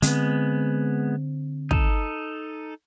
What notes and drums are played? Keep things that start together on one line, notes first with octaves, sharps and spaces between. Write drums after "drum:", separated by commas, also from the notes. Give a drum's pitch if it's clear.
D3 G#3 B3 C4, drum: hi-hat
D#4 A4, drum: kick